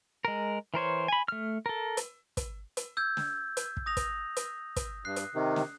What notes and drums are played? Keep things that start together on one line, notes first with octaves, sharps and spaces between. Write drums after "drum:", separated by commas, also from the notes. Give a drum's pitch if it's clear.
G#3 A#4
E3 A#4 C5 C#5
G#5 B5
A3 F6
A4 A#4
drum: hi-hat
drum: kick, hi-hat
drum: hi-hat
E6 G6 G#6
drum: snare
drum: hi-hat
drum: kick
D#6 A#6 F7
drum: kick, hi-hat
drum: hi-hat
drum: kick, hi-hat
G2 F#6 C7
drum: hi-hat
C3 D#3
drum: snare